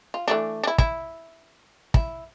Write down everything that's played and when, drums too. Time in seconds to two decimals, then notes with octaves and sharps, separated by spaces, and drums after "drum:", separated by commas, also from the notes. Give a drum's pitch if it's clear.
0.14 F4
0.28 E3 A3 D4
0.64 D4 E4
0.78 E4, drum: kick
1.94 E4, drum: kick